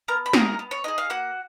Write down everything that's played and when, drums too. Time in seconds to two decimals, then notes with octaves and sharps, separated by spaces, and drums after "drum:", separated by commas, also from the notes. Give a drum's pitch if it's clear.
0.08 B3 A#4 A#5
0.26 B5
0.33 D#4 G#4 A#4 A#5, drum: snare
0.59 B3
0.71 C#5
0.84 D#4 G#4 D#5
0.98 F5
1.10 A#3 F#4 F#5